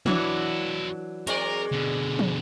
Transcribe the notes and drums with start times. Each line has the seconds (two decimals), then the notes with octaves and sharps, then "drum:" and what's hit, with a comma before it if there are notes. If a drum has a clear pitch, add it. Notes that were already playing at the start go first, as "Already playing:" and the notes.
0.06 E3 F#3 D4 E4 F#4, drum: tom
1.27 G#3 C4 A#4 D5, drum: hi-hat
1.72 B2 D3
2.19 drum: tom